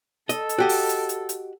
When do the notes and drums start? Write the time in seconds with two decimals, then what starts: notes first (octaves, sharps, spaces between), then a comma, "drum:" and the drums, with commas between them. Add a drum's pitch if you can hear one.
0.29 A4 D#5, drum: hi-hat
0.49 drum: hi-hat
0.58 F#4 G4 D#5
0.69 drum: open hi-hat
0.89 drum: hi-hat
1.09 drum: hi-hat
1.29 drum: hi-hat